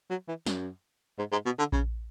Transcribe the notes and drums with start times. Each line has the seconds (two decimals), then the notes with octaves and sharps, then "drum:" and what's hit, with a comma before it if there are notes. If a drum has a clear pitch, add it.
0.10 F#3
0.28 E3
0.46 F#2, drum: snare
1.19 G#2
1.32 G#2
1.46 B2
1.59 D3
1.72 C#3, drum: kick A#1